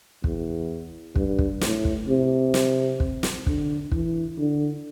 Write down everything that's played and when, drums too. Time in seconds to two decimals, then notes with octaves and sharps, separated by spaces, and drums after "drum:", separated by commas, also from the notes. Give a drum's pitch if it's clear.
0.24 E2, drum: kick
1.15 G2, drum: kick
1.39 drum: kick
1.61 A2, drum: snare
1.85 drum: kick
2.08 C3
2.54 drum: snare
3.00 drum: kick
3.23 drum: snare
3.46 D3, drum: kick
3.92 E3, drum: kick
4.38 D3